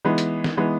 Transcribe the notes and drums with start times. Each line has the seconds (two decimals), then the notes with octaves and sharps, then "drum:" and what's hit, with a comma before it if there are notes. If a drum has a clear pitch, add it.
0.05 E3 G#3 B3 D#4
0.18 drum: hi-hat
0.44 drum: snare
0.57 E3 G#3 B3 D#4